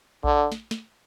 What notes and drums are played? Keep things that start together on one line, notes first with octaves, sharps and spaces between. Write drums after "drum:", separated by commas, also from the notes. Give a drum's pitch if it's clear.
D3, drum: kick A#1
drum: snare
drum: snare